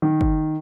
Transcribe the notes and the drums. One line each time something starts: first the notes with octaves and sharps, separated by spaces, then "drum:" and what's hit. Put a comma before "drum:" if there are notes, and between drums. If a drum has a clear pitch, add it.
D#3
drum: kick G1